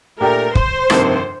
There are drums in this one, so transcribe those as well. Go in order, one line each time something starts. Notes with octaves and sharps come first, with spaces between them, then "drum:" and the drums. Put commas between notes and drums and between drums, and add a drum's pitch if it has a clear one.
A#2 A3 D4 G4 A#4
C5, drum: kick
G1 F2 C3 D#3 A#3, drum: rim click